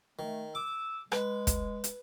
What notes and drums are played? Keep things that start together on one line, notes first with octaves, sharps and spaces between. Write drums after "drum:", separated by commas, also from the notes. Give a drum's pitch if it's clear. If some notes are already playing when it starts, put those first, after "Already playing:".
D#3 A3
D6 E6
G#3 B4, drum: rim click
drum: kick, hi-hat
drum: hi-hat